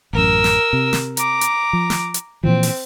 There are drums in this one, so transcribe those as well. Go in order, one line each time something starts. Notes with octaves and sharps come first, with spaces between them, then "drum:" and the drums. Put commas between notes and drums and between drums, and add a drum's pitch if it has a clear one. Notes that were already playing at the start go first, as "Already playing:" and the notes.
A1 F#2 A#4 E6
drum: snare
C3
drum: snare
A#5 D6, drum: hi-hat
drum: hi-hat
F3
drum: snare
drum: hi-hat
A#2 E3 F3 C4
drum: open hi-hat